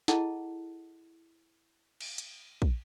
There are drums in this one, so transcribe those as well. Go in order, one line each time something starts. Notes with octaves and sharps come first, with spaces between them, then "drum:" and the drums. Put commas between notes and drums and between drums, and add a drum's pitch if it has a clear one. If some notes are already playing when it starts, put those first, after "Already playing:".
E4 G#4 A4 D#5 F#5 A5, drum: snare
drum: cymbal
drum: hi-hat
drum: kick